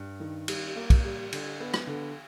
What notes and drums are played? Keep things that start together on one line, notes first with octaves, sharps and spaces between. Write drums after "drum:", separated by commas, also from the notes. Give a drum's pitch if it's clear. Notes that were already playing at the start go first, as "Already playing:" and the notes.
Already playing: G2
D#3
G3, drum: cymbal
A#3
drum: kick, cymbal
G3
D3, drum: cymbal
B3
drum: rim click
D3